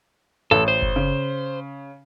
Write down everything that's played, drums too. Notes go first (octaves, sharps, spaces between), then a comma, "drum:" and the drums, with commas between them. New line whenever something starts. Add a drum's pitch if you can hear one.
A1 A4
C5
drum: kick F#1
C#3